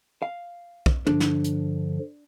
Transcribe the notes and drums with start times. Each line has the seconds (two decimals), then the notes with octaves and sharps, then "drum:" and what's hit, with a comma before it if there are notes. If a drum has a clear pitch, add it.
0.22 F5
0.86 drum: kick
1.07 G2 D3 F3 D4, drum: tom
1.20 drum: snare
1.44 drum: hi-hat